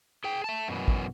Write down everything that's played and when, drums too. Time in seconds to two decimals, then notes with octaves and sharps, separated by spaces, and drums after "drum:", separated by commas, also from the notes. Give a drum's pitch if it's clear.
0.24 G#4 G5
0.44 E5 A5
0.68 F#2 B2 E3
0.88 drum: kick